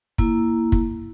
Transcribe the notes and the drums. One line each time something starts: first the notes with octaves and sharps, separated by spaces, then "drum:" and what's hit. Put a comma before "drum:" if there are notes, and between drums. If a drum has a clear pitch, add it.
A#3 E4, drum: kick
drum: kick